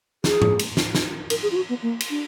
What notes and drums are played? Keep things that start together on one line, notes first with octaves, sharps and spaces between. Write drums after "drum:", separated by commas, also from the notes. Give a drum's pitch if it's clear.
G#4, drum: snare
drum: tom G#2
drum: cymbal
drum: snare
drum: snare
A#4, drum: cymbal
G#4
F4
F#4
B3
A#3
drum: cymbal
D4